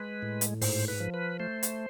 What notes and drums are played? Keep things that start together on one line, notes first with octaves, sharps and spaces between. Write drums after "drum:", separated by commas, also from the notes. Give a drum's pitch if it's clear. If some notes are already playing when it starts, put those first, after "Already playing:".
Already playing: G#3 B4
A2
drum: hi-hat
G#2 C5, drum: open hi-hat
B4
F3
B4
A3 C5
drum: hi-hat